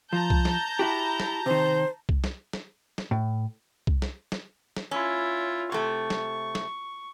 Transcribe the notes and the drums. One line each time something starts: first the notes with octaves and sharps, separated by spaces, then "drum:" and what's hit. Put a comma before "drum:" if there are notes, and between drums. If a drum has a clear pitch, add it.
F3 A5 A#5 G6
drum: kick C2
drum: snare
E4 F#4 G4
drum: snare
C3 D#3 C5
drum: kick C2
drum: snare
drum: snare
drum: snare
A2
drum: kick C2
drum: snare
drum: snare
drum: snare
C#4 E4 F4
C3 A3 C#6
drum: snare
drum: snare